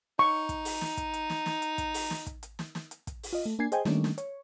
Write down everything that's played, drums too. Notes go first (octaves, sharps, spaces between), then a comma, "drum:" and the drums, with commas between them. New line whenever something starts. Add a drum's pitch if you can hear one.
D#4 C#6
drum: kick, hi-hat
drum: open hi-hat
drum: snare
drum: kick, hi-hat
drum: hi-hat
drum: snare
drum: snare
drum: hi-hat
drum: kick, hi-hat
drum: open hi-hat
drum: snare
drum: kick, hi-hat
drum: hi-hat
drum: snare
drum: snare
drum: hi-hat
drum: kick, hi-hat
drum: open hi-hat
F4 D#5
A3
A#3 D4 G#5 G#6 C7
G#4 C5 D#5 G5 G#5, drum: hi-hat
D#3 G3 A3 A#3 C#4 D4, drum: snare
drum: snare
C#5, drum: hi-hat